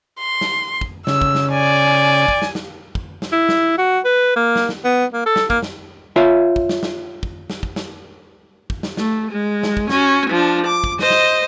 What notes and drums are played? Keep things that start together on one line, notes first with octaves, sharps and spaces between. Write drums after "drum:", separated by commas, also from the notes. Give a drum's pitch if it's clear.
C6
drum: snare
drum: kick
C#3 E6, drum: snare
drum: kick
drum: snare
D5 G#5
drum: kick
drum: snare
drum: snare
drum: kick
drum: snare
E4
drum: snare
F#4
B4
A#3
drum: snare
drum: snare
B3
A#3
A4
drum: snare
A#3, drum: kick
drum: snare
F4 C#5 E5
drum: kick
drum: snare
drum: snare
drum: kick
drum: snare
drum: kick
drum: snare
drum: kick
drum: snare
A3, drum: snare
G#3
drum: snare
drum: kick
C#4 F#4, drum: snare
F3 D4
D6
drum: kick
C5 D#5, drum: snare
drum: snare